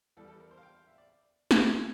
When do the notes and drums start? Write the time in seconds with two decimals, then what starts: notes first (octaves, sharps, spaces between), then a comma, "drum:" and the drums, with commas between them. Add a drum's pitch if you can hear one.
0.17 E2 E3 G3 A4
0.28 A4
0.40 A#4
0.51 C5
0.58 F5
0.63 G5
0.75 F5
0.87 E5
0.98 D5
1.51 drum: snare